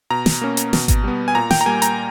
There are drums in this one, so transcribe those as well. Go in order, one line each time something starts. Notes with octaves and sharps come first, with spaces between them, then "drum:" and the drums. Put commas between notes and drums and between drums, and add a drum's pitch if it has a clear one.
B2 A#5
drum: snare
A#3 C#4
drum: hi-hat
B2, drum: snare
drum: kick G#1, hi-hat
G3 B3
G#5
A#2 A#5
G5, drum: snare
A#5
G3 A#3 G#5
A#5, drum: hi-hat